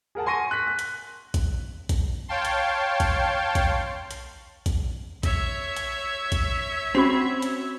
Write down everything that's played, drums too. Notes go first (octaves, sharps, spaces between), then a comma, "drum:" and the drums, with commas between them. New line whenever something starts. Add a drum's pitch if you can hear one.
G#4 A#4 F#5 A5
G#5 C6 C#6 A#6 D#7
F#6 B6
F#6
drum: hi-hat
drum: kick A#1, hi-hat
drum: kick A#1, hi-hat
C#5 F5 G5 A5 C6
drum: hi-hat
drum: kick A#1, hi-hat
drum: kick A#1, hi-hat
drum: hi-hat
drum: kick A#1, hi-hat
C#5 E5, drum: kick A#1, hi-hat
drum: hi-hat
drum: kick A#1, hi-hat
C4 C#4 F#4 B5
drum: hi-hat